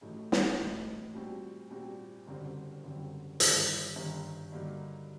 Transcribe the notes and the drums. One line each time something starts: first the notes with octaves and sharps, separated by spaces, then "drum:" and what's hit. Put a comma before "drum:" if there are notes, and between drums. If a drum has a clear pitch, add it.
A1 A2 F#3 A3 D#4
drum: snare
A1 A2 F#3 A3 D#4
A#2 G3 C4 F#4
A#2 G3 C4 F#4
F#1 F#2 D3 G3 C4
F#1 F#2 D3 G3 C4
G1 G2 D#3, drum: hi-hat
G1 G2 D#3
G2 D3 F#3 A#3 D#4